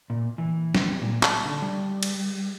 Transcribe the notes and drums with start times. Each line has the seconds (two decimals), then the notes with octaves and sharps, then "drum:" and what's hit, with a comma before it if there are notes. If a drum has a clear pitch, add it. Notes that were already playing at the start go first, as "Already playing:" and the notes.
0.10 A#2
0.38 E3
0.75 C4, drum: snare
0.88 G3
1.02 A#2
1.23 A5, drum: clap
1.46 D3
1.62 G3
2.03 drum: cymbal